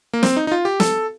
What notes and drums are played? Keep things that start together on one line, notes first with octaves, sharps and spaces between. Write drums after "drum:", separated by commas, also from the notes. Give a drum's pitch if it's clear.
A#3
C4, drum: snare
D#4
D#4
F4
G4
A4, drum: snare